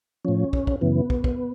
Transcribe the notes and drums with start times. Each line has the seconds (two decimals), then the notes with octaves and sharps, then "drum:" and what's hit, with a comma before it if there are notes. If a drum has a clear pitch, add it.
0.25 A2 F3 C#4
0.53 drum: kick
0.67 drum: kick
0.81 F#2 C#3 E3 B3
1.10 drum: kick
1.24 drum: kick